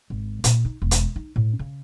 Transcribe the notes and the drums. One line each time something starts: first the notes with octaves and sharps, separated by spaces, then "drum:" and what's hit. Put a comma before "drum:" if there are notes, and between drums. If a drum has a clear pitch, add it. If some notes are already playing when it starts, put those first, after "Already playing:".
G#1
A#2, drum: hi-hat
D#4
E1
drum: hi-hat
D#4
A2
C#3